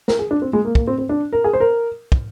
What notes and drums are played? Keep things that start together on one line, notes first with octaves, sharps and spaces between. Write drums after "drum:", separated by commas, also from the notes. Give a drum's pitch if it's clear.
A#4, drum: snare
G#4
D4
C4
G#3
A#3
A#3, drum: kick
C4
C4
D4
A#4
G#4
C5
A#4
drum: kick